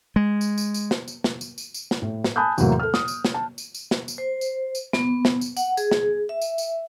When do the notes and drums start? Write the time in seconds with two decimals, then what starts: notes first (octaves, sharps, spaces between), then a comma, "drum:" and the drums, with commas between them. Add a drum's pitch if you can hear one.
0.16 G#3
0.41 drum: tambourine
0.58 drum: tambourine
0.74 drum: tambourine
0.91 drum: snare
1.08 drum: tambourine
1.24 drum: snare
1.41 drum: tambourine
1.58 drum: tambourine
1.74 drum: tambourine
1.91 drum: snare
2.02 A2
2.24 drum: snare
2.36 G#5 A5 B5 D#6 F#6 G6
2.58 E2 A2 C3 F#3 A#3, drum: tambourine
2.80 A4 F6
2.94 D#6, drum: snare
3.08 drum: tambourine
3.25 drum: snare
3.34 A5
3.58 drum: tambourine
3.75 drum: tambourine
3.91 drum: snare
4.08 drum: tambourine
4.18 C5
4.41 drum: tambourine
4.75 drum: tambourine
4.93 B3, drum: snare
5.25 drum: snare
5.41 drum: tambourine
5.57 F#5, drum: tambourine
5.77 G#4, drum: tambourine
5.91 drum: snare
6.29 E5
6.42 drum: tambourine
6.58 drum: tambourine